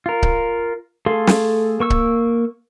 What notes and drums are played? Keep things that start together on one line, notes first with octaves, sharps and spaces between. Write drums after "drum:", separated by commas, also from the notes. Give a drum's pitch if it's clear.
F4 A#4
drum: kick C#1
A3 G#4 A4 F5 C6
drum: snare
A#3 C#6 E6
drum: kick C#1